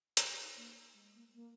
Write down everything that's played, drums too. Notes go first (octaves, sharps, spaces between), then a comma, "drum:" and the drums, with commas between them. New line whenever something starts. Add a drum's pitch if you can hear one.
G#4, drum: hi-hat
G4
D#4
A#3
G#3
A#3
A#3